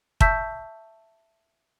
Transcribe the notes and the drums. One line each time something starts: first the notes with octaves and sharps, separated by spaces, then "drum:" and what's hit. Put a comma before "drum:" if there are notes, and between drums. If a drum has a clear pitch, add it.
E5 A5 C#6 E6 G6 B6, drum: kick